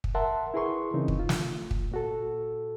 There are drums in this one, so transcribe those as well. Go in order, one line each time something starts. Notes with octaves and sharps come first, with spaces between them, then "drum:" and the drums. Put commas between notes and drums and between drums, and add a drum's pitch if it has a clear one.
drum: kick
A#4 E5 F#5 A5 C6
E4 G#4 A#4 B4 C6 C#6
C#3 E3 C4 D#4
drum: kick
F4
drum: snare
drum: kick
A#2 F#4 A4